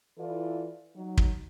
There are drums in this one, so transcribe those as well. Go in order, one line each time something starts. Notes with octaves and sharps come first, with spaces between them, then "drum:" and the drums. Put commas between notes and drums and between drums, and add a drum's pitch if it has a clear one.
E3 E4 F4 A4 B4 D5
F#3 D#4
drum: kick